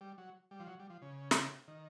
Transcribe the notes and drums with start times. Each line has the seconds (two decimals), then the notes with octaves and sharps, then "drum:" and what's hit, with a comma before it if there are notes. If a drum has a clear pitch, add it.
0.01 G3
0.18 F#3
0.51 G3
0.60 F3
0.67 F#3
0.80 G3
0.90 F3
1.02 C#3
1.31 drum: snare
1.68 D#3